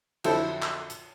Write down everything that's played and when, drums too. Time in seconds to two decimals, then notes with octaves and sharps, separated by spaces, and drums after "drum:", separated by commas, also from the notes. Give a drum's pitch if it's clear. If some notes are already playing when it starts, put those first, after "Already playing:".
0.24 F2 D3 F#3 E4 A4 C5, drum: cymbal
0.62 drum: clap
0.90 drum: hi-hat